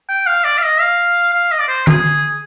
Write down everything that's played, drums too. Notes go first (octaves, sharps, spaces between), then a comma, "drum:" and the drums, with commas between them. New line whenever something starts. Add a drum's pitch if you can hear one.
G5
F5
D5
F5
D#5
F5
F5
D#5
D5
C5
G#4, drum: tom D3